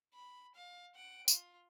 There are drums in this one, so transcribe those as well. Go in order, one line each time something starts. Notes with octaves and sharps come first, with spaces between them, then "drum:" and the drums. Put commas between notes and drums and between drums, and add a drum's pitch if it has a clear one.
B5
F5
F#5 D7
F4, drum: tambourine